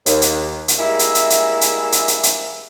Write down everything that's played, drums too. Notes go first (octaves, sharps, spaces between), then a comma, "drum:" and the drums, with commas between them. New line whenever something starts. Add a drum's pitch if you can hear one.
D#2, drum: hi-hat
drum: hi-hat
drum: hi-hat
G3 G#3 A#3 E4 G#4 E5
drum: hi-hat
drum: hi-hat
drum: hi-hat
drum: hi-hat
drum: hi-hat
drum: hi-hat
drum: hi-hat